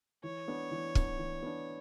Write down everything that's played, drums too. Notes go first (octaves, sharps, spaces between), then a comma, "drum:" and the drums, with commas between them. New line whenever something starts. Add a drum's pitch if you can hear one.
E3 C#5
B3 D4
E3
B3 D4, drum: kick
E3
B3 D4